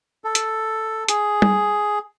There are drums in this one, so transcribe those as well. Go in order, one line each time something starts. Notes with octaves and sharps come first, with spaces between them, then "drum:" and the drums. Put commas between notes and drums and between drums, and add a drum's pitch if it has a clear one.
A4
drum: hi-hat
G#4, drum: hi-hat
drum: tom